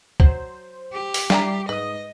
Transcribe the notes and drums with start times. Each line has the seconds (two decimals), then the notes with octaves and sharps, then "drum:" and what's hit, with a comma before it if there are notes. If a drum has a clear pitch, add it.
0.20 F#3 C5, drum: kick C2
0.93 G4
1.14 drum: open hi-hat
1.30 E3 G3 D5 G5 A#5 C7, drum: snare
1.69 G#2 B4 D#5 D#6